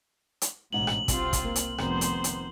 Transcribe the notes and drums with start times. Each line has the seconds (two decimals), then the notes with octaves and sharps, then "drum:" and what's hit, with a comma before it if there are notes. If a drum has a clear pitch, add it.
0.42 drum: hi-hat
0.73 A1 G#2 B2 D4 F#5 F#7
0.87 drum: rim click
1.08 C2 G3 C4 F4 F#4, drum: kick, hi-hat
1.33 drum: kick, hi-hat
1.44 A#3
1.56 drum: hi-hat
1.78 F1 D#3 B3 C4 C5, drum: rim click
2.01 drum: hi-hat
2.24 drum: hi-hat